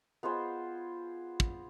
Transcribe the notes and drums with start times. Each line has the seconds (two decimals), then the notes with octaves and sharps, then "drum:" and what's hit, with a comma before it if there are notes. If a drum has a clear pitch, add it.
0.23 B3 F4 G#4 C5
1.40 drum: kick